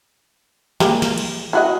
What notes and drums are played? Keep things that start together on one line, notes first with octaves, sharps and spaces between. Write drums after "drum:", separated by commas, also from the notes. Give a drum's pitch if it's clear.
G3 G#3 A#3, drum: snare
drum: snare
drum: cymbal
E4 F#4 D#5